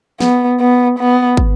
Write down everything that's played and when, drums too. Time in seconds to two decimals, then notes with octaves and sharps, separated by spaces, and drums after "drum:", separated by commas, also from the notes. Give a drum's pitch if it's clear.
0.21 B3, drum: snare
0.60 B3
0.99 B3
1.37 drum: kick